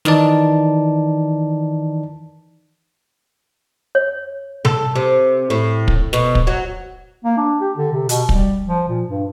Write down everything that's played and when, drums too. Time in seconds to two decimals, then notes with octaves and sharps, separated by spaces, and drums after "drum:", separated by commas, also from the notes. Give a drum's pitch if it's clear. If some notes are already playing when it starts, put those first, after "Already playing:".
0.05 D#3 E3 D#4 D5 A5, drum: snare
3.95 C#5
4.65 A4, drum: tom C3
4.96 C3
5.50 A2
5.88 drum: kick
6.13 B2, drum: snare
6.35 drum: kick
6.47 F#3
7.25 A#3
7.37 D4
7.61 G4
7.77 D3
7.92 C3
8.09 B2, drum: hi-hat
8.29 G3, drum: kick
8.67 F3
8.88 A#2
9.08 G2